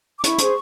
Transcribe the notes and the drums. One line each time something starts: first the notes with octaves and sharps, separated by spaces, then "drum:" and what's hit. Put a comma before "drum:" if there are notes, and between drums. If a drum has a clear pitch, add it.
D6
E4 C#6, drum: hi-hat
G#4 C5, drum: hi-hat